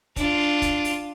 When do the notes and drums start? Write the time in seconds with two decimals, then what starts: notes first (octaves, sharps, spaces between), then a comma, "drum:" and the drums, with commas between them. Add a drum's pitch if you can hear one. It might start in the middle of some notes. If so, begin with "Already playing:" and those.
0.16 D4 F4, drum: kick, hi-hat
0.62 drum: kick, hi-hat
0.84 drum: open hi-hat